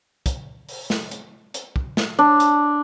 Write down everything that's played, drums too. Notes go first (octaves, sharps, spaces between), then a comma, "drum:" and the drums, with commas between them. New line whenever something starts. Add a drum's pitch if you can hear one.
drum: kick, hi-hat
drum: open hi-hat
drum: snare
drum: hi-hat
drum: hi-hat
drum: kick
drum: snare
D4
drum: hi-hat